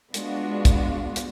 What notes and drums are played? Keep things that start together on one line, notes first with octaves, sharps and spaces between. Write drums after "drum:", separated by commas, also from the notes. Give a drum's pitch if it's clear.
G#3 B3 D4 F4 F#4, drum: hi-hat
drum: kick, hi-hat
drum: hi-hat